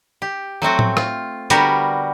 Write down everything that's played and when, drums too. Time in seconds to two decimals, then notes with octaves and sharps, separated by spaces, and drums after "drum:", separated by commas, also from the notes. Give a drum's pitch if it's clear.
0.22 G4
0.62 F#3 A3 C4 F#4
0.79 drum: tom A2
0.97 F4, drum: rim click
1.50 D3 G3 B3 F#4 G4 A#4, drum: hi-hat